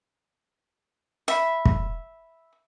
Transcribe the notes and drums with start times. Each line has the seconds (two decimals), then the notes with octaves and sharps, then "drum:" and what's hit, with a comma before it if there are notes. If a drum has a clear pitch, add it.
1.28 E5 B5
1.65 drum: kick